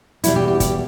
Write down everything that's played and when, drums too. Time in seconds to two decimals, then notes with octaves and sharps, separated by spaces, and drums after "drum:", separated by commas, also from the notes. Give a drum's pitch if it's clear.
0.24 E2 B2 G3 E4, drum: hi-hat
0.36 G4
0.48 G4
0.60 G4, drum: kick, hi-hat